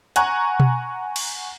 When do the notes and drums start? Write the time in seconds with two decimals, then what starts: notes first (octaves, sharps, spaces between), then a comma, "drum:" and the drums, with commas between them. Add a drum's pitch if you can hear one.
0.16 F#5 G#5 A#5 C#6 F#6, drum: hi-hat
0.60 drum: tom B2
1.16 drum: cymbal